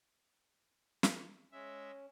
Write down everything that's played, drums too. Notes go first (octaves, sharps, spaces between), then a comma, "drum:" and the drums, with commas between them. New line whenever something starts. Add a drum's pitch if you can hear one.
drum: snare
G#3 C#4 E5